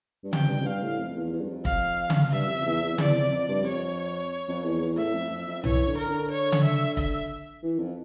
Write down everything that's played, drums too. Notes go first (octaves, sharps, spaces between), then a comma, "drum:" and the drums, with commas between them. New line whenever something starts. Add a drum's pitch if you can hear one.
G2
F2 G5, drum: tom C#3
G2
F2
G2 F5
A2
F2
E2
E2
G2
F2
F5, drum: kick
drum: tom C#3
G2 E5
F2
F2
E2
E2
F2
E2 D5, drum: tom C#3
F2
F2
G2
F2 C#5
F2
E2
E2
A2 E5
F2
F2
F2
E3 C#5, drum: tom B1
D3
A#4
D3
C#5
drum: tom C#3
E5
E5, drum: kick
E3
F2